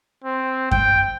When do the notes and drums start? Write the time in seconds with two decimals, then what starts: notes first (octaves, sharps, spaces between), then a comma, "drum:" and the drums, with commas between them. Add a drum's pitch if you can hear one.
0.24 C4
0.71 G5, drum: kick F#2